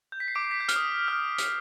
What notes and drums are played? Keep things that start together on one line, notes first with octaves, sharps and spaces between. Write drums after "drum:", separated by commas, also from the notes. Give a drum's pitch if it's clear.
G6
B6
C7
D6 D7
C7
B6
G6
F6, drum: hi-hat
D#6
F6
drum: hi-hat